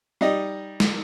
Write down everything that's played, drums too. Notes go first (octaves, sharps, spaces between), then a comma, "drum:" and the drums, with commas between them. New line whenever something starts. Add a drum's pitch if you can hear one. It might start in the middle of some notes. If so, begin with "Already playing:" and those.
G3 D#4 D#5
drum: snare